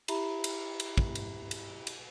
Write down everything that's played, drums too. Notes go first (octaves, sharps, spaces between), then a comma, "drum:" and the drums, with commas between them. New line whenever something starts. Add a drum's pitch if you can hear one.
E4 G4 E5 A#5 B5, drum: cymbal
drum: cymbal
drum: cymbal
drum: kick
drum: cymbal
drum: cymbal
drum: cymbal